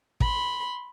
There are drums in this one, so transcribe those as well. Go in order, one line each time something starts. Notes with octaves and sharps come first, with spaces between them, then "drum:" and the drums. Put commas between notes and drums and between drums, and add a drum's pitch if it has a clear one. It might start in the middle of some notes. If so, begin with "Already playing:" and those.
B5 C6, drum: kick